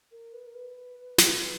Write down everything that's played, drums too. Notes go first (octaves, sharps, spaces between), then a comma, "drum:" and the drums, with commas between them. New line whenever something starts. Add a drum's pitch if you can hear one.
A#4
B4
A#4
B4
drum: snare